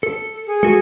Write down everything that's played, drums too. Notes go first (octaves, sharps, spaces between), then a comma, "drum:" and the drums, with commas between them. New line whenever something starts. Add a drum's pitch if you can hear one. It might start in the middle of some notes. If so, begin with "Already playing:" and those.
A4
G#4
F#4 A4, drum: tom